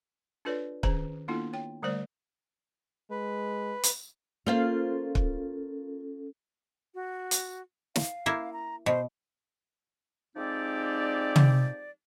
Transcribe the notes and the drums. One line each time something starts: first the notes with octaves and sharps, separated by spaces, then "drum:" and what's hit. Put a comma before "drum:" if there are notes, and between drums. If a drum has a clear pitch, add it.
D4 F4 A4 B4 C#5 D5
D#3 C#4 G#4 C5 A#5, drum: kick
A#3 B3 D4 E4 F4 A4
C#5 G5
D3 G3 A3 C5 D5
G#3 B4
drum: hi-hat
A#3 C#4 F4 A4 C5 F5
drum: kick
F#4
drum: hi-hat
F5, drum: snare
A#3 E4
A#5
B2 C5
F3 G#3 C4 D#4 G4 D5
drum: tom